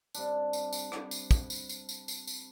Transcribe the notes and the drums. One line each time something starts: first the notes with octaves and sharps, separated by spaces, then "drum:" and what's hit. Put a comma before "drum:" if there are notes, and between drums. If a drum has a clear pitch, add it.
C3 G3 D4, drum: tambourine
drum: tambourine
drum: tambourine
drum: rim click
drum: tambourine
drum: kick, tambourine
drum: tambourine
drum: tambourine
drum: tambourine
drum: tambourine
drum: tambourine